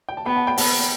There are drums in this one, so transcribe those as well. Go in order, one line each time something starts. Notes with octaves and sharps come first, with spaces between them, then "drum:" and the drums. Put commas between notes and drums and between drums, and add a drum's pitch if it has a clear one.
G5
A5
B3 G5 B5
F#5 A5
G5 B5
B3 F#5 A5, drum: open hi-hat